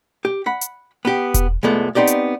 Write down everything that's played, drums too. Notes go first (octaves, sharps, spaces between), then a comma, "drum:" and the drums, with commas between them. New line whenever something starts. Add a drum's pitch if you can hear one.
G4
F#5 B5
drum: hi-hat
B3 G4
drum: kick E1, hi-hat
C2 F2 G#3 A3 B3
B3 C4 D#4 G4 D5
drum: hi-hat